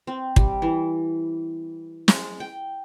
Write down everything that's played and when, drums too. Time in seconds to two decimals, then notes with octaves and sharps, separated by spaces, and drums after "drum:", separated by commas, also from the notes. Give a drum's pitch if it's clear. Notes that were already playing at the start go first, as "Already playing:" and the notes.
0.07 C4
0.36 G3, drum: kick
0.62 E3
2.08 G#3, drum: snare
2.40 G5